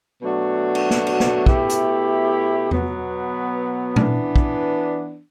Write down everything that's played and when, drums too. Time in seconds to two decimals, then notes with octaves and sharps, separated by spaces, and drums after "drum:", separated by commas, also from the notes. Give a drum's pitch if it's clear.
0.22 B2 F#3 A3 D4 F#4
0.75 drum: cymbal
0.90 drum: snare
1.07 drum: cymbal
1.20 drum: snare
1.46 B2 A3 E4 G4, drum: kick
1.70 drum: hi-hat
2.71 B2 F#3 B3, drum: tom E2
3.96 E3 B3 D4, drum: tom A#2
4.36 drum: kick